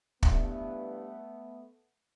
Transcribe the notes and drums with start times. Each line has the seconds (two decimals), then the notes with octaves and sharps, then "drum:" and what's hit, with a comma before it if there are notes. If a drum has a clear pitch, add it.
0.23 G2 E3 A3 B3, drum: kick